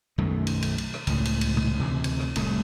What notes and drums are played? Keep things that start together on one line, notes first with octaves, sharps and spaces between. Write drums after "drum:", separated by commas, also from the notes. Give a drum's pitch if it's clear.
B1 F#2 D#3 A3
drum: cymbal
drum: cymbal
drum: cymbal
drum: rim click
C#2 A2 C#3, drum: cymbal
drum: cymbal
drum: cymbal
drum: tom A#2
D2 C3 E3
drum: cymbal
drum: rim click
D1 C2 A3, drum: cymbal